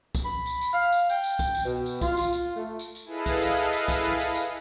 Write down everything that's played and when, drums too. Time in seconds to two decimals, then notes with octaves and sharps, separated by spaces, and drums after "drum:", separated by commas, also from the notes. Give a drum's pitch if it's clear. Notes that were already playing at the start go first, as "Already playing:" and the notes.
0.15 drum: kick C2, tambourine
0.24 B5
0.46 drum: tambourine
0.61 drum: tambourine
0.73 F5
0.92 drum: tambourine
1.10 G5, drum: tambourine
1.24 drum: tambourine
1.39 drum: kick C2, tambourine
1.55 drum: tambourine
1.65 B2
1.86 drum: tambourine
2.01 F4, drum: kick C2, tambourine
2.17 drum: tambourine
2.33 drum: tambourine
2.56 A3
2.79 drum: tambourine
2.95 drum: tambourine
3.05 E4 G#4 A4 B4 D#5 F5
3.26 drum: kick C2, tambourine
3.42 drum: tambourine
3.57 drum: tambourine
3.73 drum: tambourine
3.88 drum: kick C2, tambourine
4.04 drum: tambourine
4.19 drum: tambourine
4.35 drum: tambourine